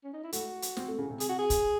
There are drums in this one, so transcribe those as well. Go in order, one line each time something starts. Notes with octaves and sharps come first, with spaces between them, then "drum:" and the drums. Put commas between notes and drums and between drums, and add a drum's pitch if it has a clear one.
C#4
D#4
E4
A3 F#4, drum: hi-hat
drum: hi-hat
C4, drum: snare
A3
C#3
C3
G#4, drum: hi-hat
F#4
G#4
drum: kick, hi-hat